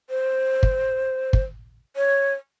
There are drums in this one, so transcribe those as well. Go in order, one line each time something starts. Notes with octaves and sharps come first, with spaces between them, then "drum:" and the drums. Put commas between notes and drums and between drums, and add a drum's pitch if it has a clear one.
C5
drum: kick
drum: kick
C#5